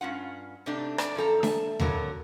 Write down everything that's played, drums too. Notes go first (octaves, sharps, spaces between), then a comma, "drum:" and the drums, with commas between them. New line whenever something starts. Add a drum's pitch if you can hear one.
G2 C#4 F4 F#5
G#2 C3 A3 D4 D#4
D5, drum: rim click
F#2 F3 A4 A#5
E5 A5, drum: snare D4
F2 D3 F#3 A#4, drum: tom D#2